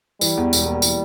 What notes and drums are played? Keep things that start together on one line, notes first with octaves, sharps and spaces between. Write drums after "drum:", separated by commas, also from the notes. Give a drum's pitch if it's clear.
E3 G3, drum: tambourine
E2
E1, drum: tambourine
A#3
E3, drum: tambourine